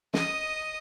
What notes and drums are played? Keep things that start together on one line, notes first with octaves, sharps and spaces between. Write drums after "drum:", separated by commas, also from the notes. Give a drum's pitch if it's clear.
D#5 D#6, drum: snare